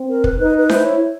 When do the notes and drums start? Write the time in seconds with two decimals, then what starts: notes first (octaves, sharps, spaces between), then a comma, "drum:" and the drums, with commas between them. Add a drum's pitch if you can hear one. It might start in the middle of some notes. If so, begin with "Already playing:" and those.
Already playing: C4
0.09 A#4
0.24 B4, drum: kick
0.39 D#4 B4
0.58 B4
0.69 E4 C5, drum: snare D4
0.84 C#5